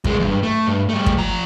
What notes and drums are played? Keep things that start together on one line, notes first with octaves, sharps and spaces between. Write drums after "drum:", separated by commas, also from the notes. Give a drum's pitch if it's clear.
C2 G#3, drum: kick
E2 G2
A3
G2
G3 A3
drum: kick
F3 A#5